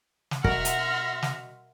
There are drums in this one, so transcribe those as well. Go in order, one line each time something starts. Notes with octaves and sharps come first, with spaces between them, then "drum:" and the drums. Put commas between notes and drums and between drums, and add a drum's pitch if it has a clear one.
drum: snare
B2 A#4 E5 F#5 C6 F6 A#6, drum: kick
drum: hi-hat
drum: snare